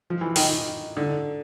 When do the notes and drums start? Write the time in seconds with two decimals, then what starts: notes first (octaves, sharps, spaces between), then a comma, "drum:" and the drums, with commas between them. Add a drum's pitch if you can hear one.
0.10 F3
0.21 E3
0.36 D#3, drum: open hi-hat
0.97 D3